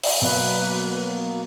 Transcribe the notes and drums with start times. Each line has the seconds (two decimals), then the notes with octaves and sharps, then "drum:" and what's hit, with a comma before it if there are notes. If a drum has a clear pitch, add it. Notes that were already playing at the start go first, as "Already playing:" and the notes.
0.04 drum: open hi-hat
0.22 B2 F#3 A#3 B3 B4